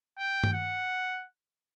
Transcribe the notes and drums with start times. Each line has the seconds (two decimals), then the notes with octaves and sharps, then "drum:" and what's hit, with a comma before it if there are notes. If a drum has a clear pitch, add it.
0.19 G5
0.44 drum: tom G2
0.53 F#5